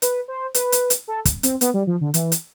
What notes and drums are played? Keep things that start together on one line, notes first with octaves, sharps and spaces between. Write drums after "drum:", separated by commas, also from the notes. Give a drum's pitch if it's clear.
B4, drum: hi-hat
C5
B4, drum: hi-hat
drum: hi-hat
drum: hi-hat
A4
drum: kick, hi-hat
C4, drum: hi-hat
B3, drum: hi-hat
G3
F3
D3
E3, drum: hi-hat
drum: hi-hat